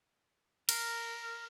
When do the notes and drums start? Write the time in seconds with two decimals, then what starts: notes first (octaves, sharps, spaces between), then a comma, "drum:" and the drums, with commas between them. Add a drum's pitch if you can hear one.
0.69 A#4, drum: cymbal